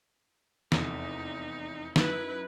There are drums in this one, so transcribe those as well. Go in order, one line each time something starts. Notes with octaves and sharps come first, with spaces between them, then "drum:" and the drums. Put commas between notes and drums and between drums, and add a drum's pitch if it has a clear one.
F1 E2 D#4, drum: snare
F#2 D#4 E4 B4 F#7, drum: snare